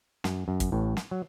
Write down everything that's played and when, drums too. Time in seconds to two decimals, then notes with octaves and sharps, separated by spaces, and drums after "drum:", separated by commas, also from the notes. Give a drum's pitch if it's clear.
0.24 F#2, drum: snare
0.48 F#2
0.60 drum: kick, hi-hat
0.72 A1 A2
0.97 drum: snare
1.11 F#3